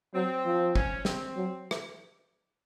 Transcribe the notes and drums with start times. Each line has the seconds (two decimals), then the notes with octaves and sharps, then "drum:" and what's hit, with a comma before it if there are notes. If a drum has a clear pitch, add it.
0.14 F#3 C4
0.45 F3
0.75 C#4, drum: kick
1.05 C4, drum: snare
1.36 F#3
1.71 drum: rim click